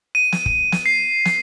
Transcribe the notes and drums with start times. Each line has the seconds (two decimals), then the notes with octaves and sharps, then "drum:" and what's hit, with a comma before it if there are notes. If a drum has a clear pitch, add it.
0.15 D#7
0.32 drum: snare
0.46 drum: kick
0.72 drum: snare
0.86 C7
1.25 drum: snare